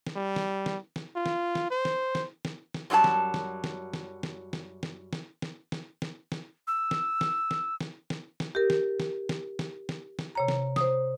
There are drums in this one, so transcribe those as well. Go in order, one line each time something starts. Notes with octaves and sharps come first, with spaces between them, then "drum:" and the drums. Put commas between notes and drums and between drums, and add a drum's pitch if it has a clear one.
drum: snare
G3
drum: snare
drum: snare
drum: snare
F4
drum: snare
drum: snare
C5
drum: snare
drum: snare
drum: snare
drum: snare
F#2 F#3 G3 F#4 A5
drum: snare
drum: snare
drum: snare
drum: snare
drum: snare
drum: snare
drum: snare
drum: snare
drum: snare
drum: snare
drum: snare
drum: snare
E6
drum: snare
drum: snare
drum: snare
drum: snare
drum: snare
drum: snare
G4 A#4
drum: snare
drum: snare
drum: snare
drum: snare
drum: snare
drum: snare
C3 C#5 A#5
drum: snare
C5 D#6, drum: snare